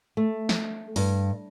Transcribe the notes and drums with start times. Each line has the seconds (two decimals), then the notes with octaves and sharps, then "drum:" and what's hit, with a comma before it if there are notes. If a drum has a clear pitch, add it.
0.17 A3
0.49 drum: snare
0.96 G2, drum: open hi-hat